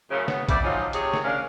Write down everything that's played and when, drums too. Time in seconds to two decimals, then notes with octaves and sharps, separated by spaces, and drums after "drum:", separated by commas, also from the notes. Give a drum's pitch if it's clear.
0.11 F#2 A2 C#3
0.28 B3, drum: snare
0.49 C#3 E4 C5 D5, drum: kick, hi-hat
0.64 F3 F#3 G#3 D#4 F4
0.93 C3 G#4 C#5, drum: hi-hat
1.13 drum: snare
1.24 C#4 D4 A#4 F5